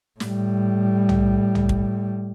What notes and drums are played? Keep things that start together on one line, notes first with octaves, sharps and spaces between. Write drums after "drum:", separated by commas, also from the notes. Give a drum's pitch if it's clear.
A2 G3, drum: snare
drum: tom
drum: tom
drum: kick